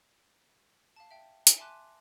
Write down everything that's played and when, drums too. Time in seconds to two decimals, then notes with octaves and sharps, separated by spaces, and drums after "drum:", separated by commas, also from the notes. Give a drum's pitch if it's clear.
0.96 F5 A5
1.11 E5 G5
1.47 drum: hi-hat
1.57 E5 G#5 A5 C6 D6 F#6